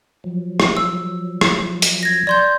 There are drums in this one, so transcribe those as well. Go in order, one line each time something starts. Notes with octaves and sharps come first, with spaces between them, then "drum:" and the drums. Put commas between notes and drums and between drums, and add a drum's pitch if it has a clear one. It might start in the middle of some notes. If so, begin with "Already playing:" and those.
F3 F#3
drum: rim click
E6
drum: rim click
drum: hi-hat
G#6 A#6
D5 C6 G6